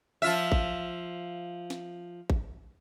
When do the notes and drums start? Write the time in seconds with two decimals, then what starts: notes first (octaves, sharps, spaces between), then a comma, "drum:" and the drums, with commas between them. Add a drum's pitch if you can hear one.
0.22 F3 F4 E5
0.52 drum: kick A1
1.70 drum: snare
2.30 drum: kick A1